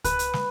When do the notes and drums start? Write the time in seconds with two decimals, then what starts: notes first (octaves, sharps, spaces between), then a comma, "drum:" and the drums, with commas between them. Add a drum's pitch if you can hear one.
0.04 B4, drum: kick C#2, hi-hat
0.19 drum: hi-hat
0.33 drum: snare